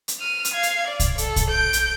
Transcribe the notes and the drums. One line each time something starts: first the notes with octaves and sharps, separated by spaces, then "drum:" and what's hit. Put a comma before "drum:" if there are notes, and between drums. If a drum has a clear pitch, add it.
drum: hi-hat
F6 D#7
drum: hi-hat
F5 G#6
drum: hi-hat
D5
drum: kick, hi-hat
A4, drum: hi-hat
drum: kick, hi-hat
G6 D7
drum: hi-hat